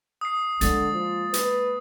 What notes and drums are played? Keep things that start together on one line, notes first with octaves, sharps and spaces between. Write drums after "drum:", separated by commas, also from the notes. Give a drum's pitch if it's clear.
D#6 C7
D3 G#3 A#3 A6, drum: hi-hat
F3
B4, drum: hi-hat